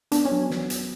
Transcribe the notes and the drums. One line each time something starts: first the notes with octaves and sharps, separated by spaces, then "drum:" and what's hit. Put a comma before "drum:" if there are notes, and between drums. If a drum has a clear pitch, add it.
B3 D4, drum: hi-hat
C#4
F#3
drum: snare
drum: hi-hat